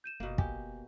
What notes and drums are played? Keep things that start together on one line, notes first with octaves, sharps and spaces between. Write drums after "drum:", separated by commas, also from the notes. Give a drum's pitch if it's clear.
G6 D#7 E7
F#1 B2 A#3
G4 G#5, drum: kick